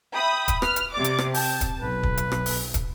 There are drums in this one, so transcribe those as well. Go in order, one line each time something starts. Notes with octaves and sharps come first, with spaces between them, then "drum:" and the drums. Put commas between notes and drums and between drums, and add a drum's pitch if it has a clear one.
E5 G5 B5 D#6
drum: kick, hi-hat
B4 F6, drum: rim click
drum: hi-hat
C3 D5 D6
drum: hi-hat
drum: rim click
G5 A5, drum: open hi-hat
drum: kick, hi-hat
B1 B4
drum: kick
drum: hi-hat
drum: rim click
drum: open hi-hat
drum: kick, hi-hat